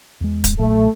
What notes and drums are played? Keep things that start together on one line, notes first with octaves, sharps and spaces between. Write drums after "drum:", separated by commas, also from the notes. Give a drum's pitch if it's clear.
E2 G#3
drum: kick D1, hi-hat
B1 A#2 F#3 A3